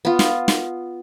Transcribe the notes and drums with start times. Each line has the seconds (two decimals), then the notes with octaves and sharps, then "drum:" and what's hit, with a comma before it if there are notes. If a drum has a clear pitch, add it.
0.05 B3 F4
0.19 drum: snare
0.48 drum: snare